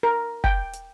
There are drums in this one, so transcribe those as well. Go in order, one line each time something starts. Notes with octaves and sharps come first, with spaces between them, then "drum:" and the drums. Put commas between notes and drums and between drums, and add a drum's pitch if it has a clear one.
A#4
G5, drum: kick
drum: hi-hat